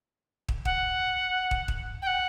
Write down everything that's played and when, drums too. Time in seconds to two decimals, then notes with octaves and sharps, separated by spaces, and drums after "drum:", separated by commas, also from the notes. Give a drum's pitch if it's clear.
0.48 drum: kick
0.65 F#5, drum: kick
1.51 drum: kick
1.68 drum: kick
2.02 G5
2.07 F#5